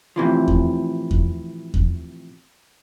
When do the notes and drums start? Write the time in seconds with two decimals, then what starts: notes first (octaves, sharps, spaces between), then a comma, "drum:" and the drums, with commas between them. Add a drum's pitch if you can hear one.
0.16 A2 C3 E3 F3
0.48 drum: kick E2
1.11 drum: kick E2
1.74 drum: kick E2